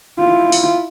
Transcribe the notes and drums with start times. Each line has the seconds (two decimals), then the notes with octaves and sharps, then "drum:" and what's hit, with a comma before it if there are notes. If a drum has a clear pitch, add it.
0.19 E4 F4
0.52 drum: open hi-hat